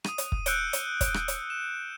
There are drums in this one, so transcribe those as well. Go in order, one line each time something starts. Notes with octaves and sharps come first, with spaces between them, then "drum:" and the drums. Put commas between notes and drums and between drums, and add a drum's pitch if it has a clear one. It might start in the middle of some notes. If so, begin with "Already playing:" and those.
D#6 D#7, drum: rim click
drum: hi-hat
drum: kick
E6 F#6 G6 C#7 D7 G7, drum: hi-hat
drum: hi-hat
drum: kick, hi-hat
drum: rim click
drum: hi-hat
E7